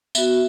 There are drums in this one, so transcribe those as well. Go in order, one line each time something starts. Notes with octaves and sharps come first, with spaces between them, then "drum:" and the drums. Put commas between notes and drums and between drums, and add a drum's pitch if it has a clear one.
B3 F#4 E5, drum: tambourine